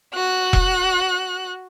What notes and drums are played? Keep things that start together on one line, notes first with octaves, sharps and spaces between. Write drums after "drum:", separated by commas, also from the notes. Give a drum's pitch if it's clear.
F#4 F#6
drum: kick E1